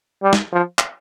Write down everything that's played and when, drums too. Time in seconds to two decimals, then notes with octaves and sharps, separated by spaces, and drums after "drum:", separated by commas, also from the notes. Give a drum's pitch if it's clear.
0.23 G3
0.33 drum: snare
0.52 F3
0.79 drum: clap